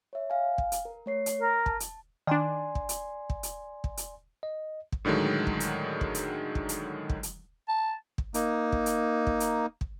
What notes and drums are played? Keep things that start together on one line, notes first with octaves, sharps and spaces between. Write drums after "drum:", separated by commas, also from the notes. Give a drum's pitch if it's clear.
C#5 E5
F5 G#5
drum: kick
drum: hi-hat
A#4
A3 C#5 C7
drum: hi-hat
A#4
A5, drum: kick
drum: hi-hat
D#3 D4 D5 G#5 C6
drum: kick
drum: hi-hat
drum: kick
drum: hi-hat
drum: kick
drum: hi-hat
D#5
drum: kick
A2 D3 D#3 F#3 G#3
drum: kick
drum: hi-hat
drum: kick
drum: hi-hat
drum: kick
drum: hi-hat
drum: kick
drum: hi-hat
A5
drum: kick
A#3 D#4, drum: hi-hat
drum: kick
drum: hi-hat
drum: kick
drum: hi-hat
drum: kick